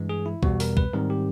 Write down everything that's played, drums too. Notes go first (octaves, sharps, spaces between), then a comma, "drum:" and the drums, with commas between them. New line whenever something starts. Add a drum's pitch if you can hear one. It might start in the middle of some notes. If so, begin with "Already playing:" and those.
Already playing: G2 E3 G#3
G#4
E4
E2 B2 G3 B3 F#4, drum: kick
A#4, drum: open hi-hat
B4, drum: kick
G#2 D#3 G3 C4 A#4
G4